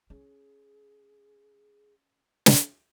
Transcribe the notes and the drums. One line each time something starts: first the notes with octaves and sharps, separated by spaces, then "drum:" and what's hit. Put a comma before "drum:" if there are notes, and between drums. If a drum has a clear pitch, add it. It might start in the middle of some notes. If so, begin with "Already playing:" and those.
C#4 G#4
drum: snare